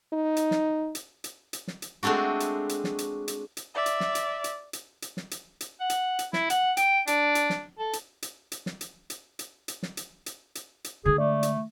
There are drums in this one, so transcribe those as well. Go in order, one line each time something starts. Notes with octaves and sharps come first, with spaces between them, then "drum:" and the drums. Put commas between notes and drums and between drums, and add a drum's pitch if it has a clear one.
D#4
drum: hi-hat
drum: snare
drum: hi-hat
drum: hi-hat
drum: hi-hat
drum: snare
drum: hi-hat
G#3 A3 C4 D4 F#4
drum: hi-hat
drum: hi-hat
drum: snare
drum: hi-hat
drum: hi-hat
drum: hi-hat
D5 E5
drum: hi-hat
drum: snare
drum: hi-hat
drum: hi-hat
drum: hi-hat
drum: hi-hat
drum: snare
drum: hi-hat
drum: hi-hat
F#5
drum: hi-hat
drum: hi-hat
E4, drum: snare
F#5, drum: hi-hat
G5, drum: hi-hat
D4, drum: hi-hat
drum: hi-hat
drum: snare
A4
drum: hi-hat
drum: hi-hat
drum: hi-hat
drum: snare
drum: hi-hat
drum: hi-hat
drum: hi-hat
drum: hi-hat
drum: snare
drum: hi-hat
drum: hi-hat
drum: hi-hat
drum: hi-hat
D3 G#3 G#4
A3 D5
drum: hi-hat